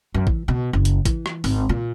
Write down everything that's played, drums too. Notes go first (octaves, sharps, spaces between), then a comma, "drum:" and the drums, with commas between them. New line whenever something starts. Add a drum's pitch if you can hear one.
F#2
E3, drum: kick A1
B2
F#1
drum: hi-hat
E3, drum: kick A1, hi-hat
drum: rim click
G#1, drum: open hi-hat
A#2